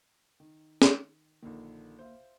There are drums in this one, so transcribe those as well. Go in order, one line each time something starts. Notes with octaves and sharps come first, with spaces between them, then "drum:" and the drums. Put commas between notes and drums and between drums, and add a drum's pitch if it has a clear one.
D#3
drum: snare
A#1 D3 D#3 A#3
C5 E5 F5